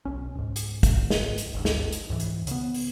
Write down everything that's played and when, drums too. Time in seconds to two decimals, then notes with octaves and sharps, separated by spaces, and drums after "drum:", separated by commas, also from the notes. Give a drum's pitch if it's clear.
0.05 B1 C#4
0.35 C#2 G#2
0.56 drum: hi-hat
0.83 drum: kick, hi-hat
1.10 drum: snare
1.38 drum: hi-hat
1.54 G#1 D2 G2
1.65 drum: snare
1.92 drum: hi-hat
2.10 C#2 G#2 E3
2.20 drum: hi-hat
2.47 C#3 B3, drum: hi-hat
2.74 drum: open hi-hat